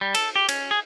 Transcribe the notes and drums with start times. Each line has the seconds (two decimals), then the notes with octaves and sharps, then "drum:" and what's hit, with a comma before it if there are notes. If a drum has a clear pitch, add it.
0.01 G3
0.15 A4, drum: cymbal
0.36 G4
0.49 C#4, drum: cymbal
0.71 G#4